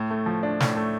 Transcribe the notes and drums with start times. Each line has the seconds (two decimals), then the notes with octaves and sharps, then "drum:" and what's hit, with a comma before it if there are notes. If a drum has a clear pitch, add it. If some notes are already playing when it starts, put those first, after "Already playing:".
Already playing: A2
0.10 A3
0.26 F3
0.43 D4
0.60 A2, drum: snare
0.77 A3